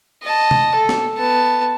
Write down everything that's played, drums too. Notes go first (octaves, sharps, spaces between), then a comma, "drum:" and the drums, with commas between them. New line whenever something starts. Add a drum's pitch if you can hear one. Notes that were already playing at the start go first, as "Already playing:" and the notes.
D#5 A5
drum: tom C3
A4
drum: snare
B3 A5